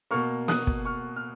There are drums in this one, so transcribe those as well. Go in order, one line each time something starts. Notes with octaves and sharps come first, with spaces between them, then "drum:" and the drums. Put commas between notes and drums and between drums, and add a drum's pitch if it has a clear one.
B2 A#3 C#6 F6
D#6 F#6, drum: snare
drum: kick
C#6 F6
F6